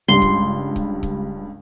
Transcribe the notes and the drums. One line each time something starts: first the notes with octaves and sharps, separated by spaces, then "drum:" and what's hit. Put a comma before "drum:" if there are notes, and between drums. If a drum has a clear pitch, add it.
C#2 G2 G3 C6
drum: kick C#1
drum: kick C#1
drum: kick C#1